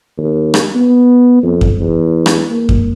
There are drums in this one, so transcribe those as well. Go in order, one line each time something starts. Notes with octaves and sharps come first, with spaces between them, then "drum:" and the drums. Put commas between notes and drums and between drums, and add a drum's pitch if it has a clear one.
D#2
drum: rim click
B3
F2
drum: kick F#2
E2
drum: rim click
A#3
drum: kick F#2